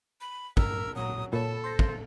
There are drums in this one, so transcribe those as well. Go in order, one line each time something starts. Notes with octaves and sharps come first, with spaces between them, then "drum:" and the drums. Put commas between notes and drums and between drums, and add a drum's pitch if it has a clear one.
B5
G2 A#4 E6, drum: kick
A#2 F#3 A#5 D#6
A#2 A4 C#5 A5 B5
C5 C6 A6 A#6
drum: kick